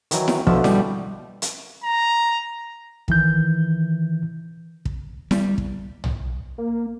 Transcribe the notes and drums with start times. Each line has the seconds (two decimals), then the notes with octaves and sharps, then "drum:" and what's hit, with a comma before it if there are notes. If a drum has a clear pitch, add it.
0.11 D#3 E3 F#3, drum: hi-hat
0.28 drum: snare E4
0.47 B2 D3 F3 E5, drum: kick
0.64 G3, drum: snare E4
1.42 drum: hi-hat
1.83 A#5
3.08 D#3 E3 G6, drum: kick
4.85 drum: kick
5.31 G3, drum: snare E4
5.58 drum: kick
6.04 drum: tom
6.58 A#3